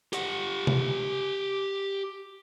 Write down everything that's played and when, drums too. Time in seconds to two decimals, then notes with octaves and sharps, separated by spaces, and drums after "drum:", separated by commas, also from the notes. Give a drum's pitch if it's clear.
0.13 G4 F#5, drum: hi-hat
0.67 drum: tom C3